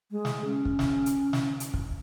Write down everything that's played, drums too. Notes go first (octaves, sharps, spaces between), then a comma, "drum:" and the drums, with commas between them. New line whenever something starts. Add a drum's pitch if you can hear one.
G#3
drum: snare
C#4
drum: kick
drum: snare
drum: hi-hat
drum: snare
drum: hi-hat
drum: kick